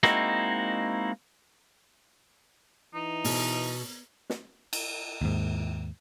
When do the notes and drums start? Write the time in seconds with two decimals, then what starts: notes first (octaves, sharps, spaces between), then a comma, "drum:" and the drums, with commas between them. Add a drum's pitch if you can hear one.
0.03 G#3 A#3 C4 D#4 E4 F#4, drum: snare
2.94 E3 D#4
3.24 B2, drum: open hi-hat
4.30 drum: snare
4.73 drum: cymbal
5.22 D#2 G#2